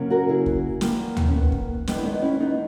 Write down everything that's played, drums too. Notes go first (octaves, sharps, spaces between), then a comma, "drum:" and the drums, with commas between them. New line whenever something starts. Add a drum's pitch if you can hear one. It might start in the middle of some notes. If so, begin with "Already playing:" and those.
Already playing: F#2 C#3 F#3 A#3
F#4 A#4
E4 G#4
drum: kick
E2 D#3 A#3, drum: snare
drum: tom D2
C#4
B3
drum: kick
E2 D#3 G#3 B3, drum: snare
E4
B3 D#4
C#4 E4
B3 D#4